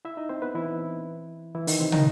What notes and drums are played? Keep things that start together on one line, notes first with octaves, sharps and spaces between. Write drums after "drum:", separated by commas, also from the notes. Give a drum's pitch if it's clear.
E4 E5
D#4 D#5
C4 C5
B3 B4
E3 E4
E3 E4
D#3 D#4, drum: open hi-hat
C3 C4
D#3 D#4, drum: tom